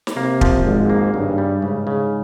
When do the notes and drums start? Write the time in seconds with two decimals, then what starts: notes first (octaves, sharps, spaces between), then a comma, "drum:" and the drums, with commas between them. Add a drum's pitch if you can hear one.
0.07 drum: snare
0.16 C3 A#3
0.41 F3, drum: kick
0.65 G#1 G#2
0.90 A#3
1.14 G2 C#3
1.38 G3
1.62 G#2 C#3
1.87 C#3